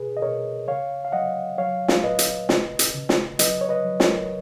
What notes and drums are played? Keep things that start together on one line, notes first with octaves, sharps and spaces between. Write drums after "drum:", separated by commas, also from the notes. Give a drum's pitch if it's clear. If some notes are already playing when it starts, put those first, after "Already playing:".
Already playing: B2 G#4 B4
D#5
B2 A#4 C#5
C#3 C#5 F5
F5
F#3 D#5 F#5
F#3 C#5 F5
drum: snare
A#2 B4 D#5
drum: hi-hat
C#3, drum: snare
drum: hi-hat
C#3
drum: snare
F#3 B4 D#5, drum: hi-hat
C#5
B4 D#5
F#3
A#4 C#5, drum: snare